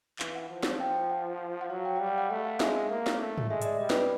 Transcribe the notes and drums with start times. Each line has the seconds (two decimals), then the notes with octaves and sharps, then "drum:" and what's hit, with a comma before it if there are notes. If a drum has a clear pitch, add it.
0.19 E3 F5, drum: clap
0.35 F#5
0.50 F3
0.63 drum: snare
0.80 G5
1.10 F#5
1.61 F#5
1.70 F#3 F5
1.85 G5
1.96 G3 F#5
2.07 F5
2.18 F#5
2.30 A3 F#5
2.45 F5
2.60 G#3 E5, drum: snare
2.90 A#3
3.07 drum: snare
3.20 A3
3.38 drum: tom
3.50 G#3 E5
3.62 D#5, drum: hi-hat
3.65 D5
3.80 G3 D5
3.90 B4, drum: snare
4.01 B4